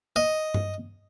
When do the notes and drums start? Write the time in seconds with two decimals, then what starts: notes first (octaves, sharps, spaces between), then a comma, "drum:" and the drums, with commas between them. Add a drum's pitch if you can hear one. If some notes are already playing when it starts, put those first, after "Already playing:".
0.16 D#5
0.54 drum: tom G2